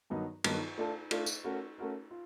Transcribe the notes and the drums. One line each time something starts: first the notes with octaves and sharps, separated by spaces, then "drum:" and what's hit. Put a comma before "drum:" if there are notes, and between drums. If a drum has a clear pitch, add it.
G2 D#3 F#3 B3 D#4
G2 D#3 F#3 B3 D#4, drum: cymbal
A3 D4 F4 A4
A3 D4 F4 A4, drum: cymbal
drum: tambourine
A3 C#4 F#4 A#4
A3 C#4 F#4 A#4
F4